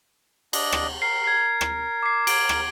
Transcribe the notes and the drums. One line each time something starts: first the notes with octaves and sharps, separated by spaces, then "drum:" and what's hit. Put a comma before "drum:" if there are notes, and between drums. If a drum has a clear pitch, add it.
D4 D#5, drum: cymbal
drum: rim click
A#4 C7
G#6 C7
drum: rim click
D6 C7
G#6 D7, drum: cymbal
drum: rim click